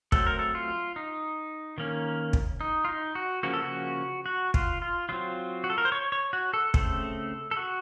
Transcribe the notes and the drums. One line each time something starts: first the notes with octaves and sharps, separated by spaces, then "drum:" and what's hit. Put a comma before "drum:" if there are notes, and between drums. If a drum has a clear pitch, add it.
F#3 A3 C4 A4, drum: kick
A#4
A4
F4
D#4
D#3 A#3 C#4
drum: kick
D#4
F4
D#4
F#4
C#3 F3 A#3 C#4 F#4
A4
F#4
F#4
F4, drum: kick
F4
F#3 C4 F4
F#4
A4
A#4
C5
C#5
C#5
F#4
A4
C#3 A3 C4 A4, drum: kick
A4
F#4